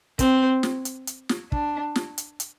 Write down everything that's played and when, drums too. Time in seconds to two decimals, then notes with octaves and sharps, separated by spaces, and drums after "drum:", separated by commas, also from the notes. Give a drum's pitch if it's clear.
0.19 C4, drum: kick, hi-hat
0.63 drum: snare
0.85 drum: hi-hat
1.07 drum: hi-hat
1.29 drum: snare
1.52 D4, drum: kick
1.96 drum: snare
2.18 drum: hi-hat
2.40 drum: hi-hat